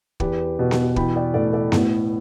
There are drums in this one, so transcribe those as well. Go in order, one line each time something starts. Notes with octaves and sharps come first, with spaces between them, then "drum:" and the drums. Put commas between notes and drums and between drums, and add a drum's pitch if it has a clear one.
E2 G4 B4, drum: kick
B2
drum: snare B3
E3 G5 B5, drum: kick
D5 G5
A2 A4 D5
A4 D5
A2 B3 E4, drum: snare B3